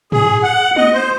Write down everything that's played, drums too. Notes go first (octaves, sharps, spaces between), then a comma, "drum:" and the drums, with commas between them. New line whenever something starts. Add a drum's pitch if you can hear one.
G#4, drum: tom
F#5
D#5, drum: tom
C5